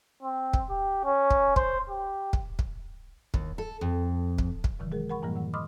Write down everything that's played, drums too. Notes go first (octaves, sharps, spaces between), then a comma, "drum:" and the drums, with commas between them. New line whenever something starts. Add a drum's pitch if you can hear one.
C4
drum: kick
G4
C#4
drum: kick
C5, drum: kick
G4
drum: kick
drum: kick
D#2, drum: kick
A4
F2
drum: kick
drum: kick
F#2 C3 D#3 E3 F#3
G#3 G#4 A#4
A#4 F#5 B5 C#6
F#2 A2 E3 F3 G3 A#3
D#3 F#5
D#5 B5 C6 D6 D#6 F6